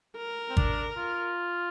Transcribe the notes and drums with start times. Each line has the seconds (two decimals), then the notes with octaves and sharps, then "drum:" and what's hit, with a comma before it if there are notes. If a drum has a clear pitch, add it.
0.17 A#4
0.50 C4
0.57 D4, drum: kick
0.97 F4